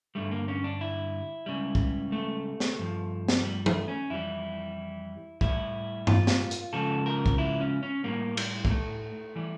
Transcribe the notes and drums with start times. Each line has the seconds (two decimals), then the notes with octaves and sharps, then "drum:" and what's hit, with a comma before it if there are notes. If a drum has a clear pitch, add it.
0.15 G2 D3 G3 A3
0.32 A#3
0.48 C#4
0.64 D4
0.81 E4
1.46 C#2 C#3 G3
1.75 drum: kick
2.12 A3
2.60 drum: snare
2.78 G2 F3
3.28 drum: snare
3.44 G3
3.66 A3, drum: tom F3
3.88 C#4
4.10 F2 E3 G3 E4
5.41 A2 G3 E4, drum: kick
6.07 F4, drum: tom G2
6.27 drum: snare
6.51 drum: hi-hat
6.73 C#2 C#3 F3 A4
7.06 A#4
7.26 drum: kick
7.38 E4
7.60 C#4
7.83 C#4
8.04 A2 G3 A#3
8.37 G3, drum: cymbal
8.65 A#3, drum: kick
8.70 A3
9.36 E3 G3